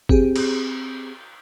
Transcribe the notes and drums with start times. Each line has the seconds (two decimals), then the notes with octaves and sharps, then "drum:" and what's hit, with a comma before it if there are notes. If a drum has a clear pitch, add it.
0.09 C4 G4 G#4, drum: kick
0.36 drum: cymbal